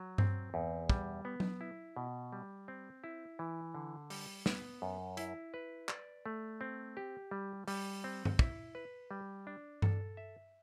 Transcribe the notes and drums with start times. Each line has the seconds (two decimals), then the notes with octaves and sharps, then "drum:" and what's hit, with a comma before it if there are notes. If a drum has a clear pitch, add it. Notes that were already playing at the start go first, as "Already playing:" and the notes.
Already playing: F#3
0.18 C4, drum: tom G2
0.54 E2
0.90 G3, drum: kick
1.25 B3
1.40 drum: tom F#3
1.61 E4
1.97 B2
2.33 G3
2.68 C4
3.04 E4
3.39 E3
3.75 D3
4.10 G3, drum: open hi-hat
4.46 B3, drum: snare
4.82 F#2
5.17 E4, drum: hi-hat
5.54 B4
5.89 D5, drum: clap
6.26 A3
6.61 C4
6.97 G4
7.31 G3
7.68 G3, drum: open hi-hat
8.04 C4
8.25 drum: tom G2
8.39 E4, drum: kick
8.75 B4
9.11 G3
9.47 D4
9.82 A4, drum: tom G2
10.17 E5